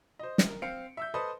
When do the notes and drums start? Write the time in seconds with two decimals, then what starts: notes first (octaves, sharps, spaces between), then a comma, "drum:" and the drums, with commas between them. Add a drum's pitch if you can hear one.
0.19 C5 D#5
0.38 drum: snare
0.48 A#4
0.62 C4 F5 C#7 D7
0.97 E5 E6 G6
1.14 A4 B4 C5 D#5 C6 D#6